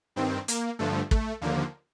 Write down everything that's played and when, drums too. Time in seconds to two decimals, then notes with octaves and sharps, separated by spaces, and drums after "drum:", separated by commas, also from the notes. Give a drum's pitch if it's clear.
0.16 G2 D#3 C4
0.48 A#3, drum: hi-hat
0.79 G2 D3 F3 A3
1.11 A3, drum: kick
1.41 D#2 D3 F3 A#3